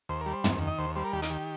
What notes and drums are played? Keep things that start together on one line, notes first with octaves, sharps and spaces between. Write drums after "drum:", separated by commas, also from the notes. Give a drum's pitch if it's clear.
D#2 C5
A#4
G3
C5
D#2, drum: tom
D#3
D#5
D#2 C5
G3 C5
A#4
D#2 G4
D#4, drum: hi-hat
D#3 G4